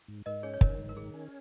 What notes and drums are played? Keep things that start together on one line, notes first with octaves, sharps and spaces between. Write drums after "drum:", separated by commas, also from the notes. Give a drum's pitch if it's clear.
G#2
G#2 A#4 D#5
C#4 G#4 C#5
C#5
D#3 A#4, drum: kick
G#2
A#4
D#3 G#4
C#4